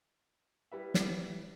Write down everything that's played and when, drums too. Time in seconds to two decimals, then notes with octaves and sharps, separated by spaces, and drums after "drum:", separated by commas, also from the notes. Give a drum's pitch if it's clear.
0.72 G3 E4 B4 E5
0.94 drum: snare